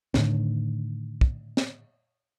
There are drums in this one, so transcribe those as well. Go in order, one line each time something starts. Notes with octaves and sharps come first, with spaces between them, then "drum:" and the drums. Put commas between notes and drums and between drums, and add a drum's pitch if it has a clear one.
A2 D3 D#3, drum: snare
drum: kick
drum: snare